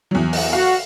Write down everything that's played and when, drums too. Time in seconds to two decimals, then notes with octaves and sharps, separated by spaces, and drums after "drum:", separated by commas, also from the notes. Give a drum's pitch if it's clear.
0.11 E2 F#3
0.33 drum: open hi-hat
0.53 F#4 F5